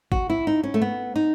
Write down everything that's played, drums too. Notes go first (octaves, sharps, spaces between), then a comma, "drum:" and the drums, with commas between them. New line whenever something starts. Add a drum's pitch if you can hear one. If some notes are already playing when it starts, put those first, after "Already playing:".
F#4, drum: kick
E4
D#4
C#4
A3
B3
D#4